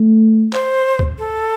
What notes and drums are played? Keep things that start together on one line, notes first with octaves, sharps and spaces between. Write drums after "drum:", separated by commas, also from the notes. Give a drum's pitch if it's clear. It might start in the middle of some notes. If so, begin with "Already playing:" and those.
Already playing: A3
C5, drum: clap
drum: kick D2
A4